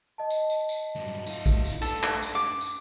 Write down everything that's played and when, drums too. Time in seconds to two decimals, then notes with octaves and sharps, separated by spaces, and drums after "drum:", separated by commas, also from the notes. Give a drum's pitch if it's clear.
0.18 D#5 A5
0.30 drum: tambourine
0.50 drum: tambourine
0.69 drum: tambourine
0.95 G2 F#3
1.27 D#4 F4, drum: tambourine
1.46 drum: kick A#1, tambourine
1.65 drum: tambourine
1.82 D4 A4 B4 A6, drum: tambourine
2.03 drum: clap
2.23 drum: tambourine
2.35 D6
2.61 drum: tambourine